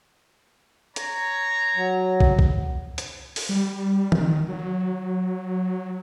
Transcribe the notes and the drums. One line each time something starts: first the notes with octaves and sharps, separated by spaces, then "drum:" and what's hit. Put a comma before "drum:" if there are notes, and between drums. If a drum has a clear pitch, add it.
C#5 A#5, drum: hi-hat
F#3
drum: kick
drum: kick
drum: hi-hat
drum: open hi-hat
G3
D#3, drum: tom
F#3